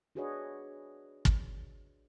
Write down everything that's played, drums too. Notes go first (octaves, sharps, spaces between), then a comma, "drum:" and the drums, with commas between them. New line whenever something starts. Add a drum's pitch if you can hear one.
D4 F#4 G#4 B4 C#5 D#5
drum: kick